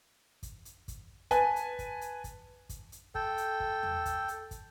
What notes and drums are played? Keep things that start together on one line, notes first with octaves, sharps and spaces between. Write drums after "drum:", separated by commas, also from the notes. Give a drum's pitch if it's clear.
drum: kick, hi-hat
drum: hi-hat
drum: kick, hi-hat
B4 G#5 A5, drum: kick, hi-hat
drum: hi-hat
drum: kick, hi-hat
drum: hi-hat
drum: kick, hi-hat
drum: kick, hi-hat
drum: hi-hat
A4 G5, drum: kick
drum: hi-hat
drum: kick
drum: tom E2
drum: kick, hi-hat
drum: hi-hat
drum: kick, hi-hat